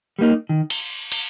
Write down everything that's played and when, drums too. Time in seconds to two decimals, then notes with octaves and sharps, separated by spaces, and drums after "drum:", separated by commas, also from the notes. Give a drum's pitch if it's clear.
0.19 G3 A#3 D#4
0.49 D#3
0.70 drum: cymbal
1.12 drum: cymbal